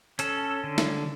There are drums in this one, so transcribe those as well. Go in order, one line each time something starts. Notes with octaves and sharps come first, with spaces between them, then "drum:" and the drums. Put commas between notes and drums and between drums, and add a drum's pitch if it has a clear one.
C#4 A4, drum: hi-hat
D3
drum: snare